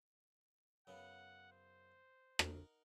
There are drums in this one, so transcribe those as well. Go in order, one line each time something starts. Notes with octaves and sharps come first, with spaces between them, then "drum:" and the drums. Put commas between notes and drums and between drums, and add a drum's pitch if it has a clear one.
F#2 C#3 B3 F#5
C5
D#4 A#4 F#5, drum: rim click